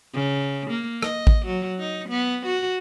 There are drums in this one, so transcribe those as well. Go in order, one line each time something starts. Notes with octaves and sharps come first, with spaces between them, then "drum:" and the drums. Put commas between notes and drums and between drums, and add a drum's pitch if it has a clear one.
C#3
A#3
D#5, drum: rim click
drum: kick
F#3
D#4
B3
F#4